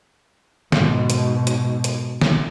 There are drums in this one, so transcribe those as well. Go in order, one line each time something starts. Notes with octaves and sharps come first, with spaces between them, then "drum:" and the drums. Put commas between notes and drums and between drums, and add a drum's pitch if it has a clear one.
G#2 B2, drum: snare
drum: hi-hat
drum: hi-hat
drum: hi-hat
drum: snare